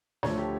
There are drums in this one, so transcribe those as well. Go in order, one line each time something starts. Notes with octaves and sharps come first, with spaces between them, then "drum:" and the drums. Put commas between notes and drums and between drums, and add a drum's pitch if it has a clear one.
D2 D3 F3 A3 C#5, drum: snare
G4